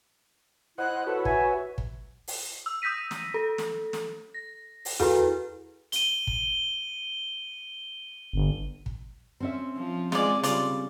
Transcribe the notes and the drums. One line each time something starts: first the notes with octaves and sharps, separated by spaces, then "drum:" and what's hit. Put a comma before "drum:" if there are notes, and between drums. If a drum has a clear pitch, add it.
E4 C5 D#5 F#5 F#6
F#4 A4 B4 C#5
E5 G#5, drum: kick
drum: kick
drum: open hi-hat
E6
D#6 E6 G6 A#6 B6 D#7
drum: snare
A4
drum: snare
drum: snare
A#6
drum: open hi-hat
E4 F#4 G#4 A4 B4, drum: tom E2
D#7 G7, drum: hi-hat
drum: kick
G1
drum: kick
C4 C#4 E5
F3
G#3 F4 G#4 D5, drum: snare
C#3 G3 F4 D5, drum: hi-hat